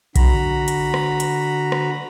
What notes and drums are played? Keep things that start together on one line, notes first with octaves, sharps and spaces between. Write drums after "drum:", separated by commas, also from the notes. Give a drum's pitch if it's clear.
D3 F#4 A#5 B5, drum: kick B1, hi-hat
drum: hi-hat
drum: rim click
drum: hi-hat
drum: rim click